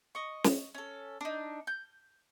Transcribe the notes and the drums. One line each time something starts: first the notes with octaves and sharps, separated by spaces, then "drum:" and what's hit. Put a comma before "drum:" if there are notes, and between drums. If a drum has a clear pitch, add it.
D#5 C#6
drum: snare
C#4 A4
D4 D#4
G6